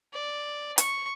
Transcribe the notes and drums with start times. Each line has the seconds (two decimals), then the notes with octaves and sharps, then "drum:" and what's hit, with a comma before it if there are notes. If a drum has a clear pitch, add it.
0.13 D5
0.78 C#6, drum: hi-hat